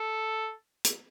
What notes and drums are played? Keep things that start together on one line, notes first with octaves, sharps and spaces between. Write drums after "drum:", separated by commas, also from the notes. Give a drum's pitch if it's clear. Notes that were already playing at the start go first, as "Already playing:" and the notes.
Already playing: A4
drum: hi-hat